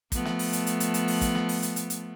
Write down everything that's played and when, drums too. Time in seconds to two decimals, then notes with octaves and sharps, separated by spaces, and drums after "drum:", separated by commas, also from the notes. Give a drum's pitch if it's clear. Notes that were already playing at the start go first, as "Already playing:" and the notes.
0.12 F3 A3 B3, drum: kick, hi-hat
0.25 drum: snare
0.39 drum: open hi-hat
0.53 drum: hi-hat
0.67 drum: hi-hat
0.80 drum: hi-hat
0.94 drum: hi-hat
1.08 drum: open hi-hat
1.21 drum: kick, hi-hat
1.35 drum: snare
1.49 drum: open hi-hat
1.62 drum: hi-hat
1.76 drum: hi-hat
1.90 drum: hi-hat